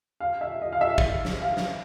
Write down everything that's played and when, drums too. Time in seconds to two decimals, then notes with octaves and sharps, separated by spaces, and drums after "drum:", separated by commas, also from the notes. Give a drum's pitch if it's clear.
0.20 F5
0.41 E5
0.62 D#5
0.73 F5
0.81 E5
0.98 drum: kick
1.25 drum: snare
1.42 F5
1.57 drum: snare